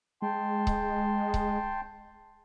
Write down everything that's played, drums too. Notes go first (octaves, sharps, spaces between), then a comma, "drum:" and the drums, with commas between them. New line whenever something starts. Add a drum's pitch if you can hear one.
G#3 G5 A5 C6
drum: kick C#1
drum: kick C#1